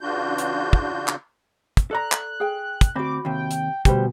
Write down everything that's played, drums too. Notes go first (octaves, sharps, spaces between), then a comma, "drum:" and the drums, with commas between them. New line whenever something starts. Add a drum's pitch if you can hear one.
C#3 E3 D4 F4 F#4 G6
drum: hi-hat
drum: kick
drum: clap
drum: kick, hi-hat
A4 D5 A#5 F#6
drum: clap
G#4 G5
drum: kick, hi-hat
D2 C4 F#4 B5 D6
D#2 C3 G5
drum: hi-hat
D2 B2 G3 G4 B4 C5, drum: kick, hi-hat